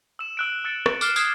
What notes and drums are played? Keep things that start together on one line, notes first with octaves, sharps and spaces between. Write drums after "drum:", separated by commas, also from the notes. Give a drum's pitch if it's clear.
E6 E7
E6 F#6 D7
E6 F#6 A6 C#7 D7
E6, drum: rim click
D6 F6 C7 E7 G7, drum: tambourine
D#6 G#6 C7, drum: tambourine